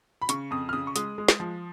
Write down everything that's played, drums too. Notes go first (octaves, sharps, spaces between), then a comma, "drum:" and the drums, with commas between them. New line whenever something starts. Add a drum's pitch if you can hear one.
B5
C#3 C#6, drum: hi-hat
F2 D#6
F6
C#3 D#6
C#6
G#3 D#6, drum: hi-hat
G#3
drum: snare
F3